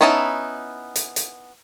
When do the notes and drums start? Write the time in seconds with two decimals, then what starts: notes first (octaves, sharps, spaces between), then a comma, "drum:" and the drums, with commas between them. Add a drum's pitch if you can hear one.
0.01 B3 C#4 D#4 E4 A5
0.96 drum: hi-hat
1.16 drum: hi-hat